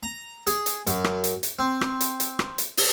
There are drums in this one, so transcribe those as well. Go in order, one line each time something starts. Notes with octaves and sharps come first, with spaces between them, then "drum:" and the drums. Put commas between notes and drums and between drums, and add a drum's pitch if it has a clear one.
A#5
G#4, drum: hi-hat
drum: hi-hat
F#2, drum: hi-hat
drum: rim click
drum: hi-hat
drum: hi-hat
C4
drum: rim click
drum: hi-hat
drum: hi-hat
drum: rim click
drum: hi-hat
drum: open hi-hat